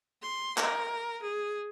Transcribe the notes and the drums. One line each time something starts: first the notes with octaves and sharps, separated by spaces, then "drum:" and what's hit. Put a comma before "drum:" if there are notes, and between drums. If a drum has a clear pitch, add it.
C6
A#4, drum: clap
G#4